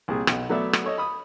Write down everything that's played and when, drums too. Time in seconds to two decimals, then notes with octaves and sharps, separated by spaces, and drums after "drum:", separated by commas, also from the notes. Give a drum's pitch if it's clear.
0.08 C2 A#2 G#4
0.27 B1 B2, drum: rim click
0.49 F#3 A3 B3 D5 E5
0.73 drum: rim click
0.84 A4 C#5 D#5
0.98 B5 D#6